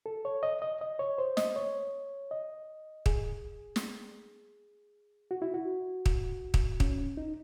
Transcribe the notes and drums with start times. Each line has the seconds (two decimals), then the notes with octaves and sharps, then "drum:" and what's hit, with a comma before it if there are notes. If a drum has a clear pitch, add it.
0.06 A4
0.25 C#5
0.43 D#5
0.62 D#5
0.81 D#5
0.99 C#5
1.18 C5
1.37 D#5, drum: snare
1.56 C#5
2.31 D#5
3.06 G#4, drum: kick
3.76 drum: snare
5.31 F#4
5.42 E4
5.54 F#4
6.06 drum: kick
6.54 drum: kick
6.80 C#4, drum: kick
7.17 D#4